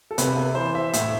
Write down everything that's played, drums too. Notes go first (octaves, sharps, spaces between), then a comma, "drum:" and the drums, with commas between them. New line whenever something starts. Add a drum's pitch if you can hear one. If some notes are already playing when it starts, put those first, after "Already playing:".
A4
C3 B4, drum: hi-hat
B4
E3 C5
E5
A2 E5, drum: hi-hat